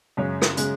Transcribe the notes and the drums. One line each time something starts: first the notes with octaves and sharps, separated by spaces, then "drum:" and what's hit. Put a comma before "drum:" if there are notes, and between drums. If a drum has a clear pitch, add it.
F#2 C#3 G#3 C#5
drum: rim click
C#3 G#3, drum: hi-hat